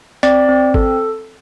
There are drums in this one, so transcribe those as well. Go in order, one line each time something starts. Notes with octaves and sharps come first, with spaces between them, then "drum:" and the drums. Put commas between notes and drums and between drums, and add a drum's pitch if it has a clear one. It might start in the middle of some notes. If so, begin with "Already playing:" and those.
C4 D5, drum: hi-hat
C4
A4, drum: kick G#1